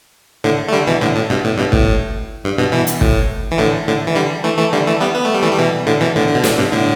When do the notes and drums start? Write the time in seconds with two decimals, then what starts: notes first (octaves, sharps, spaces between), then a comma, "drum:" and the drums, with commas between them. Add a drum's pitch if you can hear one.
0.44 A2 D3
0.68 A3
0.73 D3 G3
0.87 B2 E3
1.01 A2 D3
1.15 A2
1.30 G2 B2
1.44 A2
1.58 G2 B2
1.73 A2, drum: kick
2.44 G2
2.58 G2 B2
2.72 B2 E3
2.87 drum: hi-hat
3.01 A2, drum: kick
3.51 E3
3.58 A2 D3
3.87 A2 D3
4.07 E3
4.16 D3 G3
4.44 E3 A3
4.58 E3 A3
4.73 D3 G3
4.87 E3 A3
5.01 G3 B3
5.15 B3
5.25 A3
5.34 G3
5.43 E3 A3
5.51 G3
5.58 B2 E3
5.86 A2 D3
6.01 B2 E3
6.15 A2 D3
6.27 D3
6.35 B2
6.44 A2, drum: snare
6.58 G2 B2
6.72 A2 D3